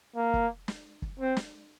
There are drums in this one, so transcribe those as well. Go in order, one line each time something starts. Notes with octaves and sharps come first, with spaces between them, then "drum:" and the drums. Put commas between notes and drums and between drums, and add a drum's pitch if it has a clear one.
A#3
drum: kick
drum: snare
drum: kick
C4
drum: snare